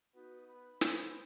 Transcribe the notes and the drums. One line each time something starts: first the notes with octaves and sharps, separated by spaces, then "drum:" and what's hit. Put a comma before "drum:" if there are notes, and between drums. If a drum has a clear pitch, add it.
B3 D#4 F#4
B3 B5
B3 C5, drum: snare